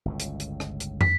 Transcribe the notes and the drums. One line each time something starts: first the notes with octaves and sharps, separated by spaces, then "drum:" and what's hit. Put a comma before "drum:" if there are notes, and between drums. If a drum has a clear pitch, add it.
G1 C#2 A2
drum: hi-hat
drum: hi-hat
drum: rim click
drum: hi-hat
B6, drum: tom